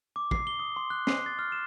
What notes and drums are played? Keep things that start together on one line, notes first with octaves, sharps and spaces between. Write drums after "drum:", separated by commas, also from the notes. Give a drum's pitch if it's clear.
D6
C7, drum: kick
G7
D#6
C6
F#6
C7, drum: snare
A6
F6
E7